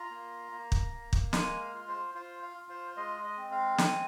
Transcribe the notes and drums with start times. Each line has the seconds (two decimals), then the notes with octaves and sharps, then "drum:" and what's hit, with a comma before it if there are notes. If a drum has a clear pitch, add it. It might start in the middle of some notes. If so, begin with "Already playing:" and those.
Already playing: F4 A#5
0.10 A#3
0.52 A#3
0.72 drum: kick
0.92 A#3
1.13 drum: kick
1.33 G#3 G#5, drum: snare
1.60 F5
1.74 F4
1.88 C5
2.15 F4 C5
2.43 F5
2.56 F4
2.69 C5
2.91 C5
2.97 G#3 D#5
3.24 D#5
3.37 C4
3.51 F5
3.78 G#3 G#5, drum: snare